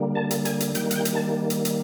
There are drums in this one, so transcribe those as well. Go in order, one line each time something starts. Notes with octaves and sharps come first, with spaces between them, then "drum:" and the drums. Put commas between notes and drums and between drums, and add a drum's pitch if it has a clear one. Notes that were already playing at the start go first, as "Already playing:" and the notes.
Already playing: D3 G3 A#3
A5
drum: hi-hat
G#5, drum: hi-hat
drum: hi-hat
D#3 G3 A#3 G5, drum: hi-hat
F#5, drum: hi-hat
G5
drum: hi-hat
A5
drum: hi-hat
drum: hi-hat